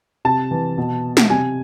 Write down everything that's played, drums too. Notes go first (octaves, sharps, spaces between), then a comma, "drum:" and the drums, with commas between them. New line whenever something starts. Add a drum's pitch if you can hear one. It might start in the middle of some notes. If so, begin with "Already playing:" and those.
C3 A5
E3
B2
drum: snare
C3 G#5